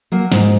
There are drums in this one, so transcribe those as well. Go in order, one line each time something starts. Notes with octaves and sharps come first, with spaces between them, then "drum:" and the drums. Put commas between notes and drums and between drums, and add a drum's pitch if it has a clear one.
F#3 A#3
G#2, drum: snare